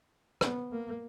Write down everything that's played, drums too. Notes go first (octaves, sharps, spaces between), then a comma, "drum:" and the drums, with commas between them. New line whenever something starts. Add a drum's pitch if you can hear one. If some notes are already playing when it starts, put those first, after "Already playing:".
B3, drum: rim click
A#3